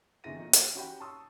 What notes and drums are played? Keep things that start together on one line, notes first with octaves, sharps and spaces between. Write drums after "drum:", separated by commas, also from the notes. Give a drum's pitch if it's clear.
G1 C3 E3 G#4 A#6 D#7
A#2 D#3
A#5, drum: hi-hat
C#4 F#4 G4 F#5 G5 B5
A5 C6 C#6 D#6 E6